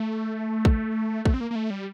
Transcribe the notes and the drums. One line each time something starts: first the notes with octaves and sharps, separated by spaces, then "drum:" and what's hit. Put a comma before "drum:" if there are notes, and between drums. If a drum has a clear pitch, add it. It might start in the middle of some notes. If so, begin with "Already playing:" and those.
Already playing: A3
drum: kick
A3, drum: kick
C4
A#3
A#3
A3
G3